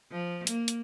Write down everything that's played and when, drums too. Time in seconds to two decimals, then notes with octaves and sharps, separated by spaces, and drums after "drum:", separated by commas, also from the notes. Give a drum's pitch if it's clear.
0.11 F3
0.47 A#3, drum: hi-hat
0.68 drum: hi-hat